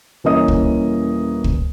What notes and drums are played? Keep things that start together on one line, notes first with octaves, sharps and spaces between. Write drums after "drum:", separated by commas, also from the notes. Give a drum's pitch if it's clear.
D#1 E3 A#3 C#4 D#5 D#6
drum: kick
drum: kick